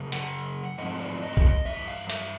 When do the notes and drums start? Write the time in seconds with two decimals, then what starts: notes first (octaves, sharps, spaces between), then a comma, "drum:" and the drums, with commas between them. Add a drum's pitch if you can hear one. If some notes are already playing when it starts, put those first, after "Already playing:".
Already playing: F#2 C#3
0.12 F#5, drum: hi-hat
0.78 G#2 F3 A3 C4 D#5
1.00 D5
1.22 D#5
1.37 drum: kick A#1
1.65 G2 E3 E5
1.88 F5
2.10 E5, drum: hi-hat